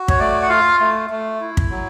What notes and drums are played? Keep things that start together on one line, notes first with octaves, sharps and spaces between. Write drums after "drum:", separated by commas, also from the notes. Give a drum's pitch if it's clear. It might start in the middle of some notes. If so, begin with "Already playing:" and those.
Already playing: F#4
C#5, drum: kick
A3 D5
F#5
F4 F5
A3
A3
E4
drum: kick
F#3